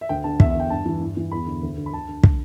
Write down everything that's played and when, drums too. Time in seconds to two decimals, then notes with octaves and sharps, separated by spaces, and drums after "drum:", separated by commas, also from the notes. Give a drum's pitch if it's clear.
0.01 E5
0.09 D2 G5
0.24 D3 A5
0.40 E2 E5, drum: kick
0.50 E5
0.55 D3 G5
0.70 G2 A5
0.86 E3
1.01 G2
1.17 E3
1.31 E2 B5
1.47 D3
1.63 D2
1.78 D3
1.86 B5
1.93 D2 A5
2.08 D3
2.23 drum: kick